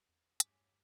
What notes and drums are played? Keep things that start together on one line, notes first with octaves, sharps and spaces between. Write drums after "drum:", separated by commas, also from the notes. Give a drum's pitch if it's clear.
E2
G2 F#3 A3 C#4 G#4 D6 G6 B6, drum: hi-hat